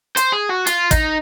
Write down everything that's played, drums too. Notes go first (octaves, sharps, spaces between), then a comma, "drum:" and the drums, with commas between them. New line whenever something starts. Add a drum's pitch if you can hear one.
C5, drum: hi-hat
G#4
F#4
F4, drum: hi-hat
D#4, drum: kick, hi-hat